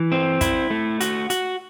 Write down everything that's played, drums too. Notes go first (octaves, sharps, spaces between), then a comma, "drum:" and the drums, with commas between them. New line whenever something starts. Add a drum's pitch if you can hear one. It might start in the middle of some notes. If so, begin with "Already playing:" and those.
Already playing: E3
C4
E4, drum: kick, hi-hat
A3
F#4, drum: hi-hat
F#4, drum: hi-hat